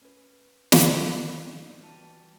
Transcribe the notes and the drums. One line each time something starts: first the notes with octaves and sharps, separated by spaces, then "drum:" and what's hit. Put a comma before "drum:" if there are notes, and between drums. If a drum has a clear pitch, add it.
C#4 B4
drum: snare
D#4 F5
E3 G3 F#4 B4 A5